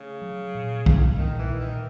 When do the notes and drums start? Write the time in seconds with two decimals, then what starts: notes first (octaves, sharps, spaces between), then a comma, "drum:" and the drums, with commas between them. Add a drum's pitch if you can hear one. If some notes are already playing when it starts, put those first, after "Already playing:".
Already playing: C#3 A3
0.22 F#3
0.55 A#2
0.86 A#2, drum: kick B1
1.17 A#2 D#3
1.39 E3
1.49 A#2
1.60 D#3